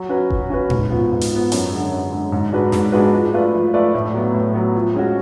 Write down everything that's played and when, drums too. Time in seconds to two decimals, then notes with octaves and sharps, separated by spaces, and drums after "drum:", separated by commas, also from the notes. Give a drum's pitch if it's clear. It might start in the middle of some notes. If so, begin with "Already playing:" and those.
Already playing: F#3
0.09 C#4 F#4 B4
0.30 F#3, drum: kick F#1
0.50 C#4 F#4 B4
0.70 G#2, drum: tom A2
0.90 F3 B3
1.12 G#2
1.21 drum: hi-hat
1.31 F3 B3
1.52 F#2, drum: hi-hat
1.71 D3 G#3
1.92 F#2
2.12 D3 G#3
2.32 G#2
2.52 G#3 D4 F#4 B4
2.72 G#2, drum: snare
2.92 G#3 D4 F#4 B4
3.13 F3
3.34 A3 F4 B4 D5
3.54 F3
3.73 A3 F4 B4 D5
3.94 A2
4.14 F#3 B3
4.34 A2
4.54 F#3 B3
4.75 F3
4.94 G#3 C#4 F#4